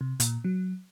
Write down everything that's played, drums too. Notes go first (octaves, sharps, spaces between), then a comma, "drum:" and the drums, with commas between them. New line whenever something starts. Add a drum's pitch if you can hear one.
C3
A#2, drum: hi-hat
F#3